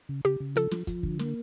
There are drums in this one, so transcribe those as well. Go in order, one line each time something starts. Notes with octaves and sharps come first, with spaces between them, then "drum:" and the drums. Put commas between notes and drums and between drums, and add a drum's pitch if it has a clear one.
C#3
C#3 G4
C#3
F3 A4, drum: hi-hat
F3, drum: snare
F3, drum: kick, hi-hat
D3, drum: kick
A#3, drum: snare